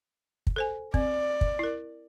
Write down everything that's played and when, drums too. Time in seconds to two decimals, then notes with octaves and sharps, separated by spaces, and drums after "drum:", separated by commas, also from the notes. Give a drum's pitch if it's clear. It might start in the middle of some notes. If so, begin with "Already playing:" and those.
0.47 drum: kick
0.56 A4 C5 G#5
0.94 C4 D5, drum: kick
1.41 drum: kick
1.59 E4 A#4